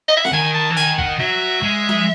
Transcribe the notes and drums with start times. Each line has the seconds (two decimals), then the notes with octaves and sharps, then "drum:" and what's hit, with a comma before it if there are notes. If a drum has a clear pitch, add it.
0.08 D#5
0.17 E5
0.25 F#5, drum: snare
0.33 D#3 G#5
0.54 A5
0.70 E3
0.76 D#3 G#5, drum: hi-hat
0.98 F#5, drum: kick
1.19 F#3 E5
1.63 G#3
1.89 drum: tom F3